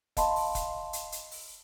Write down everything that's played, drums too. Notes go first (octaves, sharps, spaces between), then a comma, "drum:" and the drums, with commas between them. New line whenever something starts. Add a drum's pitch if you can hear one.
D#5 F5 A5 B5 C6, drum: kick E1, hi-hat
drum: open hi-hat
drum: kick E1, hi-hat
drum: hi-hat
drum: hi-hat
drum: open hi-hat